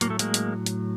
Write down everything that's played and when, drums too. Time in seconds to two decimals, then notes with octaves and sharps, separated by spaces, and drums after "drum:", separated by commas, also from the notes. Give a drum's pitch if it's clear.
0.01 A2 F#3 A#3, drum: hi-hat
0.10 A3
0.19 G#3 A#3, drum: hi-hat
0.34 drum: hi-hat
0.66 drum: hi-hat